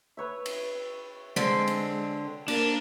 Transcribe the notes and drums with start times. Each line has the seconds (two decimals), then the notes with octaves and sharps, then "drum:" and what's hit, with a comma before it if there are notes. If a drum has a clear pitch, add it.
0.17 B4 C#5 E5
0.46 drum: cymbal
1.36 D3 G#3 C4, drum: snare
1.67 drum: cymbal
2.48 A#3 D4, drum: cymbal